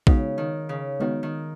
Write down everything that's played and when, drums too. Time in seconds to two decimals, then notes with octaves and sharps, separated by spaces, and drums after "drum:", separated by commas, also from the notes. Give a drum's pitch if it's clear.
0.07 C#3 G#3 B3 D#4 F#4, drum: kick A#1
0.38 D#3
0.69 C#3
1.00 D#3 G#3 B3 D#4 F#4
1.23 D#3